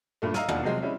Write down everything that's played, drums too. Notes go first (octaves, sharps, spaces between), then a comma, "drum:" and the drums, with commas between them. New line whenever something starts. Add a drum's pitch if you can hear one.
G2 A#2 A3
D#5 F5 A#5 E6 F6 D#7, drum: snare
E1 D#2 D4 F4 F#5, drum: tom
C3 F3 F#3 G#3 C4
G3 G#3 C4 C#4 E4